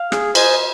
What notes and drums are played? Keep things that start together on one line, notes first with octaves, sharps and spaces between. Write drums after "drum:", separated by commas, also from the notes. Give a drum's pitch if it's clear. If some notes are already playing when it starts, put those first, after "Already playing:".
Already playing: F5
G#4, drum: rim click
C5 D#5 G#5, drum: cymbal